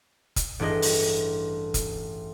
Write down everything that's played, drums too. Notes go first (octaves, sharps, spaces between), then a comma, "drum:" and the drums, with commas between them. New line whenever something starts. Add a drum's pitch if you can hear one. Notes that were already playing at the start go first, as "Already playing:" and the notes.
drum: kick F1, hi-hat
A1 G2 D4 G#4 D#5
drum: open hi-hat
drum: kick F1, hi-hat